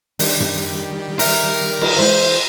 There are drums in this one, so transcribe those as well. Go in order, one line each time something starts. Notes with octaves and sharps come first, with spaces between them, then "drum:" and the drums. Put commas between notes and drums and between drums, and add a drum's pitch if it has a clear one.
D#3 G3 D4 G4, drum: open hi-hat
drum: tom F#2
A#4 E5, drum: open hi-hat
drum: cymbal
E3 G#3 C5